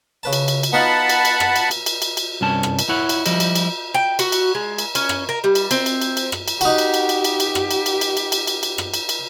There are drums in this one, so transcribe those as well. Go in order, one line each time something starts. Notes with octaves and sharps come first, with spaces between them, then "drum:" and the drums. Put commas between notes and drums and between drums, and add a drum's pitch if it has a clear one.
C#3 B4 A5
drum: cymbal
drum: cymbal
drum: cymbal
B3 D#4 F4 F#5 A5 B5
drum: cymbal
drum: cymbal
drum: rim click
drum: cymbal
drum: cymbal
drum: cymbal
drum: cymbal
drum: cymbal
C2 G2 C#4 A5
drum: rim click
drum: cymbal
E4 C#5 F#5
drum: cymbal
F3 G3 E4 D#5, drum: cymbal
drum: cymbal
drum: cymbal
G5
F#4, drum: cymbal
drum: cymbal
G#3
drum: cymbal
C#4, drum: cymbal
drum: rim click
A#4
G3
drum: cymbal
C4, drum: cymbal
drum: cymbal
drum: cymbal
drum: cymbal
drum: rim click
drum: cymbal
D#4 F#4 G4, drum: cymbal
drum: cymbal
drum: cymbal
drum: cymbal
drum: cymbal
drum: cymbal
drum: rim click
drum: cymbal
drum: cymbal
drum: cymbal
drum: cymbal
drum: cymbal
drum: cymbal
drum: cymbal
drum: rim click
drum: cymbal
drum: cymbal